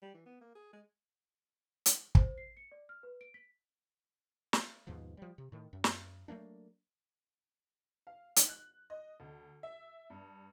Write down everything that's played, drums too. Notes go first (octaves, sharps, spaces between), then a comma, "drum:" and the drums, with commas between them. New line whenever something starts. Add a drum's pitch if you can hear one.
G3
E3
B3
A#3
G#4
G#3
drum: hi-hat
C5, drum: kick
C7
C#7
D5
F6
B4
D7
B6
drum: snare
D#2 G#2 B2 F3
F3 G3
C3
A2 D#3
F#2
drum: snare
F#3 A3 A#3 D4
F5
D#4, drum: hi-hat
F#6
D#5
D2
E5
G2